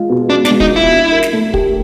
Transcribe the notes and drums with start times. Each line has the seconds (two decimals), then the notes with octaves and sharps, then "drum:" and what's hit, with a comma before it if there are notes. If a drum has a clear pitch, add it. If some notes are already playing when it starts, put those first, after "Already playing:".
Already playing: G#3 F4
0.09 B2
0.29 C#4 D4
0.45 D4, drum: snare
0.51 G#3
0.60 D#4, drum: kick
0.72 E4 F4
0.92 D4
1.12 A#4
1.23 drum: snare
1.33 A3
1.54 G4, drum: kick